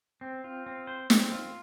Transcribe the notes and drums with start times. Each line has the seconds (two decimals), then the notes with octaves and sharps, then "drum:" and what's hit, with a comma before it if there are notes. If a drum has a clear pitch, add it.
0.21 C4
0.44 F4
0.66 C4
0.87 C5
1.10 C4, drum: snare
1.32 F4